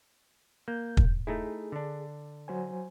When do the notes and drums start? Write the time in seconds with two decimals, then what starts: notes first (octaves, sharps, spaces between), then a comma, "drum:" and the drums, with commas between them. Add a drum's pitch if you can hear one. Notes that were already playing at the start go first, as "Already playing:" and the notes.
0.68 A#3 G6
0.97 drum: kick
1.27 A3 D#4 E4 G#4
1.72 D3 D4
2.48 F#3 C5 G#5